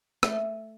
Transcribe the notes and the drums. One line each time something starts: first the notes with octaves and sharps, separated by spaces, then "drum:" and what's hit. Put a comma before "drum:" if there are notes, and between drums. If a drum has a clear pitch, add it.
A3, drum: rim click